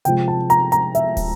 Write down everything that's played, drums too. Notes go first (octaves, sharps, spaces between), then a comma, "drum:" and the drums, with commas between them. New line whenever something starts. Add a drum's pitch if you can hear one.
C3 F3 G#3 G5, drum: hi-hat
A5
A#5, drum: hi-hat
A#5, drum: hi-hat
E5, drum: hi-hat
drum: kick, open hi-hat